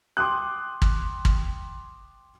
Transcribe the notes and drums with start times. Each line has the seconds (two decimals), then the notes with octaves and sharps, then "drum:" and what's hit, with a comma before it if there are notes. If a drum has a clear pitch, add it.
0.17 G5 C6 D6 D#6 F#6
0.82 drum: kick
1.25 drum: kick